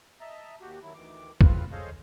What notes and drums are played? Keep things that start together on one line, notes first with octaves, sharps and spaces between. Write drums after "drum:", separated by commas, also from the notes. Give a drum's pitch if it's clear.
D#5 E5 A5 A#5
D#2 F#4 G4
D#3 F#3 E4
D2 D#3 E3 D6
A2 C#3 C4 F4 B4 F6, drum: kick
G#4 A4 C5 C#5 D#5 F5